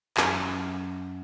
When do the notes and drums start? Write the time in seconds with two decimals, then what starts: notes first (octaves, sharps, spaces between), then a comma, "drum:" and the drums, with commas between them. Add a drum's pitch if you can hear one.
0.17 F#2, drum: clap